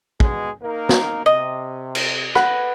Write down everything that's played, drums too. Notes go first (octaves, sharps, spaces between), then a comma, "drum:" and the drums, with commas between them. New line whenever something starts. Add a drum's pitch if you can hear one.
B2 G#3 G#4, drum: kick
A#3 D#4 A#4
drum: snare
C3 D#5
drum: cymbal
B4 F#5 B5, drum: rim click